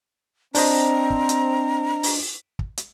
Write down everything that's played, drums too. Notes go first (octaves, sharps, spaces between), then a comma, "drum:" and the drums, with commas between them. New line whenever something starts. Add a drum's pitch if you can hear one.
C4 D4 C5 D#5 A#5, drum: open hi-hat
drum: kick
drum: hi-hat
drum: open hi-hat
drum: kick
drum: hi-hat